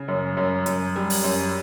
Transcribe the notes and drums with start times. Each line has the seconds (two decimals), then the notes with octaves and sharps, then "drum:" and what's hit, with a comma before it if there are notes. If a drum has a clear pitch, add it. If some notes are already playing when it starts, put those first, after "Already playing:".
Already playing: C#3
0.08 F#2
0.37 F#2
0.66 F#2, drum: hi-hat
0.96 G3
1.10 drum: open hi-hat
1.24 F#2